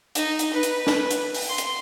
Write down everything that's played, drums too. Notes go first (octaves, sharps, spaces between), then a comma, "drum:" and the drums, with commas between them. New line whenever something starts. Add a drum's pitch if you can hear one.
D#4, drum: hi-hat
drum: hi-hat
B4
drum: hi-hat
drum: snare
drum: hi-hat
drum: open hi-hat
C6
drum: hi-hat